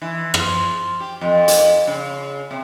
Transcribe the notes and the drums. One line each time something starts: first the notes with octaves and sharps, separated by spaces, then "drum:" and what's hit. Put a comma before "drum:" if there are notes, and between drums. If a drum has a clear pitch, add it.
E3
F3, drum: rim click
G4
F2
drum: hi-hat
C#3
C3